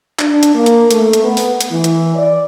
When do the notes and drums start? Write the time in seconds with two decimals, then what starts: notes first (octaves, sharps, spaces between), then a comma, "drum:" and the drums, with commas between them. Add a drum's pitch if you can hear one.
0.19 D4, drum: clap
0.43 drum: hi-hat
0.55 A#3
0.66 drum: hi-hat
0.91 A3, drum: hi-hat
1.13 drum: hi-hat
1.23 B3
1.37 drum: open hi-hat
1.61 drum: hi-hat
1.71 E3
1.84 drum: hi-hat
2.15 D5